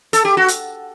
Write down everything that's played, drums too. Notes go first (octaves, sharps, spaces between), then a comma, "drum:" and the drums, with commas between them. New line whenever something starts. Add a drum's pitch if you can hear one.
A4, drum: hi-hat
G4
F#4
drum: hi-hat